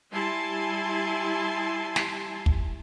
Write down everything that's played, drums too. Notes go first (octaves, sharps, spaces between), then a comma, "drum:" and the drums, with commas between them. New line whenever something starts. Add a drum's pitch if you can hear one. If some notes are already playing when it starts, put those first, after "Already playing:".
G3 E4 G#5 A5 C6
drum: snare
drum: kick